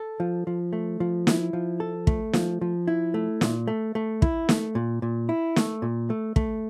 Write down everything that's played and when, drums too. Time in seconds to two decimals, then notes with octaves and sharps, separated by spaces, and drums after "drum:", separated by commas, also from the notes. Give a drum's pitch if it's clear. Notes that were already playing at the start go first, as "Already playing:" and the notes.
Already playing: A4
0.20 F3
0.47 F3
0.73 A3
1.00 F3
1.27 E4, drum: snare
1.53 F3
1.80 A4
2.07 A3, drum: kick
2.33 F3, drum: snare
2.61 F3
2.88 E4
3.14 A3
3.41 A#2, drum: snare
3.68 A3
3.95 A3
4.22 E4, drum: kick
4.49 A3, drum: snare
4.75 A#2
5.02 A#2
5.29 E4
5.56 A3, drum: snare
5.82 A#2
6.10 A3
6.36 A3, drum: kick